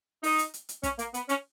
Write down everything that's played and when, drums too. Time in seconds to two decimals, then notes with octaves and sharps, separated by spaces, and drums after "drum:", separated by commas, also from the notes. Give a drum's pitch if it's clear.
0.24 D#4, drum: open hi-hat
0.39 drum: hi-hat
0.54 drum: hi-hat
0.69 drum: hi-hat
0.83 C#4, drum: kick, hi-hat
0.99 A#3, drum: hi-hat
1.14 B3, drum: hi-hat
1.29 C#4, drum: hi-hat